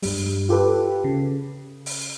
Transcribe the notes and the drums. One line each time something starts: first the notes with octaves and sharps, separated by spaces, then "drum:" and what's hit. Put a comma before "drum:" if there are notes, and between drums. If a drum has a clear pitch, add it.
G2 G3, drum: open hi-hat
F4 G4 A4 B4
C#3
drum: open hi-hat